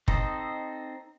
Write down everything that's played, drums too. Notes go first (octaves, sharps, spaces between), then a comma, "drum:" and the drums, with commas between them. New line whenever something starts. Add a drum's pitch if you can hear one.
C4 D#4 A4 C5 D#5, drum: kick